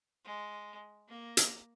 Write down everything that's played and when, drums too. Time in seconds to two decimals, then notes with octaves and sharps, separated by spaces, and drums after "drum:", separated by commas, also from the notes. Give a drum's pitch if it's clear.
0.25 G#3
1.09 A#3
1.37 drum: hi-hat